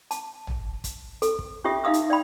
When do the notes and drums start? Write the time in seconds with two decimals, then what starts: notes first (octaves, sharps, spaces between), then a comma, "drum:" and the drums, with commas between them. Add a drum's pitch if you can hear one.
0.11 A5, drum: hi-hat
0.47 drum: tom
0.84 drum: kick, hi-hat
1.22 A4, drum: hi-hat
1.39 drum: kick
1.64 C#4 F4 G4 E5 D#6
1.84 D#4 E5 F5 D#6 E6
1.94 drum: hi-hat
2.10 D5 G5 B5